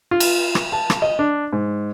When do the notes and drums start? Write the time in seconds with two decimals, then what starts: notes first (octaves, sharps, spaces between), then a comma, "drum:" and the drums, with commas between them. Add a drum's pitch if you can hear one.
0.11 F4
0.20 drum: cymbal
0.55 drum: rim click
0.72 A5
0.90 drum: rim click
1.02 D#5
1.19 D4
1.53 G#2